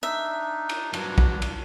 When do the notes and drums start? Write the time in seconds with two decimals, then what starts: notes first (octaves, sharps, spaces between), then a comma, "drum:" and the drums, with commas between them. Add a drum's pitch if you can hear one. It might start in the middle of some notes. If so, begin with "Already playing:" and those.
0.03 D4 D#4 E5
0.69 drum: cymbal
0.93 G2 F#3 D4, drum: cymbal
1.18 drum: kick
1.42 drum: cymbal